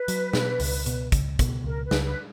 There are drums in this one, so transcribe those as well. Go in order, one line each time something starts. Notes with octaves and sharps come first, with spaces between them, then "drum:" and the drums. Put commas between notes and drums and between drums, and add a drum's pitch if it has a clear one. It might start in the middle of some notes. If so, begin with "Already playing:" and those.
Already playing: B4
F#3, drum: hi-hat
B2, drum: snare
C#2, drum: open hi-hat
B2, drum: hi-hat
C#2, drum: kick, hi-hat
B2, drum: kick, hi-hat
C#2 A#4
B4
C#2, drum: snare
B4